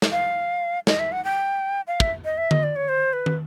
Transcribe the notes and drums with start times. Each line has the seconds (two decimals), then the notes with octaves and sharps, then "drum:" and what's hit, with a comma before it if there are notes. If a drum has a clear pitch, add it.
0.02 drum: snare
0.12 F5
0.87 D#5, drum: snare
0.99 E5
1.12 F#5
1.25 G5
1.87 F5
2.00 E5, drum: kick
2.25 D#5
2.38 E5
2.51 D#5, drum: tom D3
2.63 D5
2.76 C#5
2.89 C5
3.13 B4
3.26 drum: tom